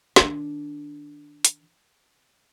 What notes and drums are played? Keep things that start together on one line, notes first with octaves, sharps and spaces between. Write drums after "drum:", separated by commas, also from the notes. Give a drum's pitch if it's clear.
D#3 D4, drum: snare
drum: hi-hat